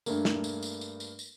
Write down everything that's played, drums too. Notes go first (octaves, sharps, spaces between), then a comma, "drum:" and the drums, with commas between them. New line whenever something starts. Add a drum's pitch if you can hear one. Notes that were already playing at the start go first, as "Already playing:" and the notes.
G2 A3 A#3, drum: tambourine
drum: snare
drum: tambourine
drum: tambourine
drum: tambourine
drum: tambourine
drum: tambourine